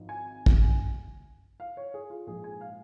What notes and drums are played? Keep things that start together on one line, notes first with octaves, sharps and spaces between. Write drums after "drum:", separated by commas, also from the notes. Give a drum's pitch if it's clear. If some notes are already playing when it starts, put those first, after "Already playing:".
Already playing: G#1 G#2 F3
G#5
drum: kick
F5
C#5
G#4
F4
A#1 G#2 F3 G#3 G#4
G#5
F5